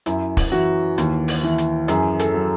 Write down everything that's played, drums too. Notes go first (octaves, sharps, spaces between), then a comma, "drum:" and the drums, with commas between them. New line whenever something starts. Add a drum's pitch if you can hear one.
F#2 E4, drum: hi-hat
drum: kick, open hi-hat
E3 F#4
D#2, drum: hi-hat
drum: open hi-hat
E3
drum: hi-hat
F#2 G#4, drum: hi-hat
A4, drum: hi-hat
F#3